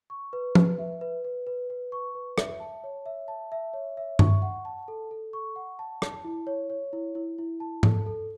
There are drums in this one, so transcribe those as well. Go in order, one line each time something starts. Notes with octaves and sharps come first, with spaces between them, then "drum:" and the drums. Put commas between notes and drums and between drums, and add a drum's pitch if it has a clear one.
C#6
B4
B4, drum: tom F3
E5
B4
B4
B4
B4
C#6
B4
E5, drum: rim click
A5
C#5
E5
A5
E5
C#5
E5
C#6, drum: tom G2
F#5
A5
A4
A4
C#6
F#5
A5
A5, drum: rim click
E4
C#5
C#5
E4
E4
E4
A5
A4, drum: tom G#2
A4